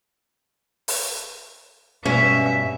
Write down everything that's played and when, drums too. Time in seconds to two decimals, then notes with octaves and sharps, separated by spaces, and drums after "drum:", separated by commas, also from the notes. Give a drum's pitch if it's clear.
0.88 drum: open hi-hat
2.06 G2 B2 G#3 C#4 E5